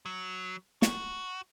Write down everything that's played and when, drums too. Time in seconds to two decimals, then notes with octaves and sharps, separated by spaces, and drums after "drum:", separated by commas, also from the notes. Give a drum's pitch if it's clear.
0.06 F#3
0.82 F#4, drum: snare